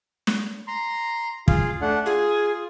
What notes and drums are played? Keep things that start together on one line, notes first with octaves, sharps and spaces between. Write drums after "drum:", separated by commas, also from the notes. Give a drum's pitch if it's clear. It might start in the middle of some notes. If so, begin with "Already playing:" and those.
drum: snare
A#5 C6
F4 G#4 F5, drum: kick
A3 D4 F#5
F4 G#4